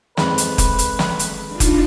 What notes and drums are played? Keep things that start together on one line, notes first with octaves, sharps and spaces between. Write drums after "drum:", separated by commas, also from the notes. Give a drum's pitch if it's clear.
F2 G#2 B4, drum: snare
drum: hi-hat
drum: kick F1, hi-hat
drum: hi-hat
drum: snare
drum: hi-hat
D4 D#4 F4
drum: kick F1, hi-hat